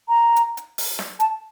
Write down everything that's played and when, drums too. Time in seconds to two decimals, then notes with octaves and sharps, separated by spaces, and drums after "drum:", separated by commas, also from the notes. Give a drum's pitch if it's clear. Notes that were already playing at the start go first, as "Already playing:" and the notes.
0.09 A#5
0.36 drum: hi-hat
0.57 drum: hi-hat
0.78 drum: open hi-hat
0.99 drum: snare
1.20 A5, drum: hi-hat